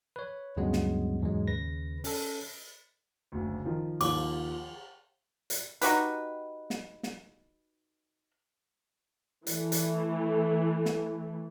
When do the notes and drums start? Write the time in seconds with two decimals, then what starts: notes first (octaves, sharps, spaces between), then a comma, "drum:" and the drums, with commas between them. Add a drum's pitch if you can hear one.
0.16 B4 C#5
0.57 D2 G2 C#3 F#3 G#3 B3
0.73 drum: snare
1.21 E2 G#2 F#3 G#3
1.47 D#2 C#3 B4 A#6
2.04 C#4 A4, drum: open hi-hat
3.32 F#1 D2
3.65 D#3 F3
4.01 D#2 F4 D6, drum: cymbal
5.50 drum: hi-hat
5.81 D#4 F#4 G4 B4, drum: hi-hat
6.70 drum: snare
7.03 drum: snare
9.47 E3 A3, drum: hi-hat
9.72 drum: hi-hat
10.86 drum: snare